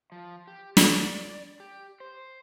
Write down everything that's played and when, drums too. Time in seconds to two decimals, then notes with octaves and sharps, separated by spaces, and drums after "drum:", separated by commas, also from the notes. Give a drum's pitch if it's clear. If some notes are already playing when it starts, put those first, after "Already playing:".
0.12 F3
0.47 G4
0.77 D5, drum: snare
1.60 G4
2.00 C5